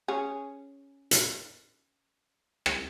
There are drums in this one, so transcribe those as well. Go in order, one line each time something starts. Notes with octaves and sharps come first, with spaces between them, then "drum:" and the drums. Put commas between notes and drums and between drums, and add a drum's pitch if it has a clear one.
C#4 G#4
drum: hi-hat
drum: rim click